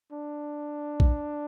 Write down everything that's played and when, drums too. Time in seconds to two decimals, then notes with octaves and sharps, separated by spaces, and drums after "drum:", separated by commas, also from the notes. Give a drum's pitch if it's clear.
0.12 D4
1.00 drum: kick